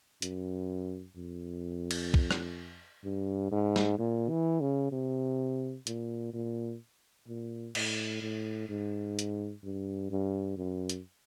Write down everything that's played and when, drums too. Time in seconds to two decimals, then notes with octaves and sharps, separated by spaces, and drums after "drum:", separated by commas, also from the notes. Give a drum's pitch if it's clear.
0.22 F#2, drum: hi-hat
1.16 F2
1.91 drum: cymbal
2.14 drum: kick
2.31 drum: rim click
3.04 G2
3.51 G#2
3.76 drum: snare
3.98 A#2
4.30 E3
4.61 C#3
4.92 C3
5.87 A#2, drum: hi-hat
6.33 A#2
7.28 A#2
7.75 A2, drum: cymbal
8.22 A2
8.69 G#2
9.19 drum: hi-hat
9.63 G2
10.10 G2
10.57 F#2
10.89 drum: hi-hat